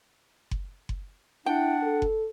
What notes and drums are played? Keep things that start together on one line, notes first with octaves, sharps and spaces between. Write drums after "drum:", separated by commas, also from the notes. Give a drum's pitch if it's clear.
drum: kick F#1
drum: kick F#1
D4 E4 F#5 G5
A4
drum: kick F#1